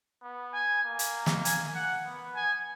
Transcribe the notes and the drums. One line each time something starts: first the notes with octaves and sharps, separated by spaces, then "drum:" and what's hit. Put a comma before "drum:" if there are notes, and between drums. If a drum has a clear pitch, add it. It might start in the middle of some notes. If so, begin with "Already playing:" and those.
B3
G#5
A#3
drum: hi-hat
drum: snare
G#5, drum: hi-hat
F#5
B3
G#5